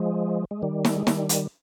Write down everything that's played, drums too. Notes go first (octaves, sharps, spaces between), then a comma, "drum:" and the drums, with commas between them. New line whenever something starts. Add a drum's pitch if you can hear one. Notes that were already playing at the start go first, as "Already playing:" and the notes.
Already playing: F3 G#3
G#3
D#3 G3
drum: snare
G#3
D#3 G3, drum: snare
drum: hi-hat